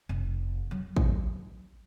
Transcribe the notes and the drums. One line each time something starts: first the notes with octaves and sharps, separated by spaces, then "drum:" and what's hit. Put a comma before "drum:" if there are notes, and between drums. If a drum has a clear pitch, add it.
F1
F#3
drum: kick